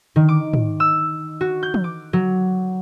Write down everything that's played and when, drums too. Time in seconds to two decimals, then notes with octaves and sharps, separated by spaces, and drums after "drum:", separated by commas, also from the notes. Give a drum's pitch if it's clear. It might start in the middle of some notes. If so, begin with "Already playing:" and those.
0.16 D#3
0.29 D6
0.53 drum: tom
0.80 E6
1.41 F#4
1.63 G6
1.74 drum: tom
1.84 D6
2.13 F#3